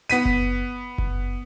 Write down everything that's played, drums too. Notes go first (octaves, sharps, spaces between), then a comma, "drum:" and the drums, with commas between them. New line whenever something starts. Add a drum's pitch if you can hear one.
B3 B6 D#7, drum: hi-hat
drum: kick F#1
drum: kick F#1